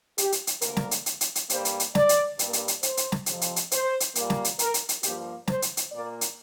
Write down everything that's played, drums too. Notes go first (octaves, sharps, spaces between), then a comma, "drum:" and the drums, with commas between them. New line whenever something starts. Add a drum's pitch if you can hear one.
G4, drum: hi-hat
drum: hi-hat
drum: hi-hat
D2 D3 A#3 A#4, drum: hi-hat
drum: snare
drum: hi-hat
drum: hi-hat
drum: hi-hat
drum: hi-hat
G2 G3 A#3 C5, drum: hi-hat
drum: hi-hat
drum: hi-hat
D5, drum: snare
drum: hi-hat
G2 G3 A#3, drum: hi-hat
drum: hi-hat
drum: hi-hat
C5, drum: hi-hat
drum: hi-hat
drum: snare
F2 C3 F3, drum: hi-hat
drum: hi-hat
drum: hi-hat
C5, drum: hi-hat
drum: hi-hat
A#2 G3 A#3, drum: hi-hat
drum: snare
drum: hi-hat
A#4, drum: hi-hat
drum: hi-hat
drum: hi-hat
G2 F3 A#3 G4, drum: hi-hat
C5, drum: snare
drum: hi-hat
drum: hi-hat
A#2 A#3 D5
drum: hi-hat